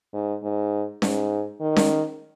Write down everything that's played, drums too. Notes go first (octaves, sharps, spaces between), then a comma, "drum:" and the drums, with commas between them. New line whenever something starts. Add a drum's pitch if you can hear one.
G#2
G#2
G#2, drum: snare C#4
D#3
drum: snare C#4